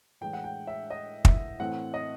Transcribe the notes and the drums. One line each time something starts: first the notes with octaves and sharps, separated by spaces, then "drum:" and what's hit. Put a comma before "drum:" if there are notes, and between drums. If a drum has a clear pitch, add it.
A2 E3 G#3 G5
F#5
G5
E5
D#5
E5, drum: kick
A2 E3 A3 C4 F#5
D#5